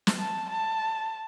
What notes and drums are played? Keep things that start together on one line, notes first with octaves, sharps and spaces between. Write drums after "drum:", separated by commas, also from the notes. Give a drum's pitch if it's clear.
drum: snare
A5
A5